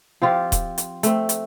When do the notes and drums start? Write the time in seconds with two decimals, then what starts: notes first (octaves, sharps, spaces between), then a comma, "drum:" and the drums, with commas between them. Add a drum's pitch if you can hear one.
0.22 F3 C4 F4 G4
0.52 drum: kick D#1, hi-hat
0.78 drum: hi-hat
1.03 A3 C4, drum: hi-hat
1.29 drum: hi-hat